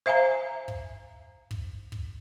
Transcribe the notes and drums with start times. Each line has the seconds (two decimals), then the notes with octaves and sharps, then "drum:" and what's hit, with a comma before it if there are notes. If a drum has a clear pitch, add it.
0.06 C5 E5 F5 G#5 A#5
0.68 drum: kick
1.51 drum: kick
1.92 drum: kick